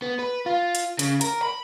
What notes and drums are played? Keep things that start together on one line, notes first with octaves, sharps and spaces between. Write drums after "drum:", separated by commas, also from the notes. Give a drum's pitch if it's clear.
B3
B4
F4
drum: hi-hat
C#3, drum: hi-hat
A#4, drum: hi-hat
B5